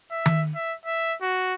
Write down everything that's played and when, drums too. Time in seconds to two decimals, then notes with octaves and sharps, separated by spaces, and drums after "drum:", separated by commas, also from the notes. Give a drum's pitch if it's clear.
0.11 E5
0.26 drum: tom D#3
0.55 E5
0.86 E5
1.21 F#4